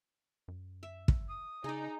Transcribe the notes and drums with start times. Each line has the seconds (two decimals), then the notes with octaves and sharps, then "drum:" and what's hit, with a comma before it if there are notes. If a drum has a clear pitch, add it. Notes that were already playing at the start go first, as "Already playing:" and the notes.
0.48 F#2
0.83 E5
1.08 drum: kick
1.28 D#6
1.64 C#3 D#4 G#4 D5